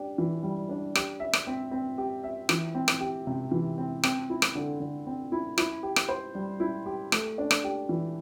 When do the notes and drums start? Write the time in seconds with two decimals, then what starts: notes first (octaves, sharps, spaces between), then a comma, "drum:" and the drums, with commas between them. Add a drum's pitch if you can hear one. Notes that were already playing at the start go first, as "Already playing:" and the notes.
Already playing: D4 G4
0.18 E3
0.43 G3
0.69 D4
0.95 G4, drum: rim click
1.20 E5
1.33 drum: rim click
1.47 C4
1.71 C4
1.98 G4
2.24 E5
2.49 E3, drum: rim click
2.75 C4
2.88 drum: rim click
3.00 G4
3.27 C3
3.52 E3
3.78 C4
4.03 C4, drum: rim click
4.30 E4
4.42 drum: rim click
4.55 D3
4.80 D3
5.07 C4
5.32 E4
5.58 E4, drum: rim click
5.83 G4
5.96 drum: rim click
6.09 C5
6.35 G3
6.60 E4
6.86 G4
7.12 A3, drum: rim click
7.38 D4
7.51 drum: rim click
7.64 G4
7.89 E3